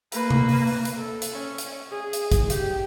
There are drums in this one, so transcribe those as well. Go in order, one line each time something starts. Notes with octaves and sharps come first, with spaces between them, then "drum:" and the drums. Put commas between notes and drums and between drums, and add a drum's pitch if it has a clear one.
A#3 B4, drum: hi-hat
drum: tom C3
drum: open hi-hat
drum: open hi-hat
drum: hi-hat
A4
drum: hi-hat
C#4
drum: hi-hat
G#4
drum: hi-hat
drum: kick G#1, hi-hat
G4, drum: hi-hat